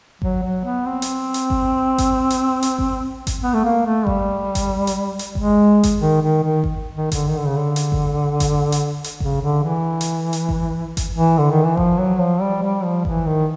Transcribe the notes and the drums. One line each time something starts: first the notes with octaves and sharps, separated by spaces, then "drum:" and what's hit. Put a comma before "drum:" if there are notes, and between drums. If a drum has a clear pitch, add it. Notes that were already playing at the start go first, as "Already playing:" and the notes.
F#3, drum: kick G#1
F#3
B3
C4
drum: hi-hat
drum: hi-hat
drum: kick G#1
drum: kick G#1, hi-hat
drum: hi-hat
drum: hi-hat
drum: kick G#1
drum: kick G#1, hi-hat
B3
A3
A#3
A3
G3, drum: kick G#1
drum: kick G#1, hi-hat
drum: hi-hat
drum: hi-hat
G#3, drum: kick G#1
drum: kick G#1, hi-hat
D#3
D#3
D#3
drum: kick G#1
D#3
D3, drum: kick G#1, hi-hat
D#3
D3
C#3
D3
drum: hi-hat
drum: kick G#1
drum: kick G#1, hi-hat
drum: hi-hat
drum: hi-hat
C#3, drum: kick G#1
D3
E3
drum: hi-hat
drum: hi-hat
drum: kick G#1
drum: kick G#1, hi-hat
E3
D3
D#3
E3
F3, drum: kick G#1
F#3
F3
G3
G3
F3
E3, drum: kick G#1
D#3